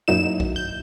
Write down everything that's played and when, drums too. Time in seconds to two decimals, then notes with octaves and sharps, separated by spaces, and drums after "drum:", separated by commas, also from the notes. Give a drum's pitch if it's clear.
0.08 F#2 A#2 F#3 D#4 E4 E7
0.40 drum: kick A#1
0.56 G6